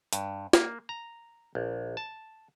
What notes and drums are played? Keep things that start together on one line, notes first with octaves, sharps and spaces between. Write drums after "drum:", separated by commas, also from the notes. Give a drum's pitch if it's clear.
G2, drum: hi-hat
A#3, drum: snare
A#5
A#1
A5